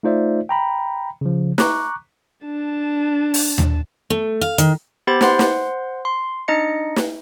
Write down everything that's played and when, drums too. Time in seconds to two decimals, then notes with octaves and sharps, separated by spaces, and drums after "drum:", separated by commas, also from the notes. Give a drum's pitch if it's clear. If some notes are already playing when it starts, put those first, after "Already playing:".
0.03 A3 D#4 F4 C5 D5 E5
0.49 G5 A#5 B5
1.21 C#3 F3
1.58 A#5 C#6 D6 F#6, drum: snare
2.45 D4 A5
3.34 drum: open hi-hat
3.58 drum: tom D#2
4.10 A3
4.41 F5
4.58 D#3, drum: hi-hat
5.07 B3 G4 C5 B5 A6
5.21 C5 F#5 C6, drum: snare
5.39 drum: snare
6.05 C6
6.48 D4 D#4 D#5 C#7
6.96 drum: snare